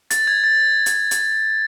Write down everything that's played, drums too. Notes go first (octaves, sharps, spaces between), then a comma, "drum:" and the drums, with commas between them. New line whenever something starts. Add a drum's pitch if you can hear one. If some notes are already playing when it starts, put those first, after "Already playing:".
A6, drum: hi-hat
G#6
A6
drum: hi-hat
drum: hi-hat